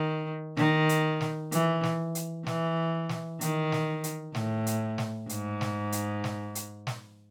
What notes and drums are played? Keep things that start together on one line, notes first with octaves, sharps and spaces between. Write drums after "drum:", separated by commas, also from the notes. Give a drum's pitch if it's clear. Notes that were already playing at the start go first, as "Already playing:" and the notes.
Already playing: D#3
D#3, drum: snare
drum: hi-hat
drum: snare
E3, drum: hi-hat
drum: snare
drum: hi-hat
E3, drum: snare
drum: snare
D#3, drum: hi-hat
drum: snare
drum: hi-hat
A2, drum: snare
drum: hi-hat
drum: snare
G#2, drum: hi-hat
drum: snare
drum: hi-hat
drum: snare
drum: hi-hat
drum: snare